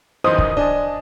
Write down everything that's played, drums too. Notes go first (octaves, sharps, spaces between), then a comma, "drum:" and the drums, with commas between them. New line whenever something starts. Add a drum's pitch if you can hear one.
F#2 D#3 E3 C5 D#5 D#6
drum: kick
D4 D#5 G#5 A5